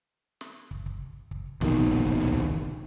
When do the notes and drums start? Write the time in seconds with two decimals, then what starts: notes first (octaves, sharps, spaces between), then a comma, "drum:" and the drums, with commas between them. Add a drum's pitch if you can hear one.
0.41 drum: snare
0.71 drum: kick
0.86 drum: kick
1.31 drum: kick
1.61 A#1 D#2 B2 D#3, drum: snare
1.91 drum: kick
2.06 drum: kick
2.21 drum: tom C#2
2.51 drum: kick